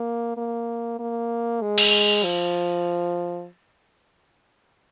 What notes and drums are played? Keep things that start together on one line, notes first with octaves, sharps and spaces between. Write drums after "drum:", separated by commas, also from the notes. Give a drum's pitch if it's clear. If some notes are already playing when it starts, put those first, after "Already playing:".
Already playing: A#3
A#3
A#3
G#3
drum: cymbal
F3